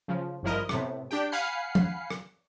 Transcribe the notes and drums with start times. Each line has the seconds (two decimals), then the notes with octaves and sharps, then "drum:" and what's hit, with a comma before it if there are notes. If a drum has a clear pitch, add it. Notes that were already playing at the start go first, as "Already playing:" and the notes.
0.08 C#3 F3
0.43 G#1 G2 F3 E4 A#4 D#5
0.69 A2 C3 B3, drum: rim click
1.11 D4 G4 G5
1.32 F5 F#5 G#5 B5 C7 C#7
1.75 drum: tom F3
2.10 drum: rim click